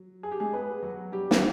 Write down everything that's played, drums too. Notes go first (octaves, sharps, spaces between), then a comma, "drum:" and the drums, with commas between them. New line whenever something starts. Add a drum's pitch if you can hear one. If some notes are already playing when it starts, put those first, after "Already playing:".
Already playing: F#3
G#4
G4
G#3 G#4
B3 B4
F#3 F#4
G3 G4
drum: snare